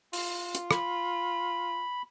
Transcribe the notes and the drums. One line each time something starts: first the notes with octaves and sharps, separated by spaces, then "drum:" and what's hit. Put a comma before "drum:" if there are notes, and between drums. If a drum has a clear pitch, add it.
F4, drum: open hi-hat
drum: hi-hat
B5, drum: rim click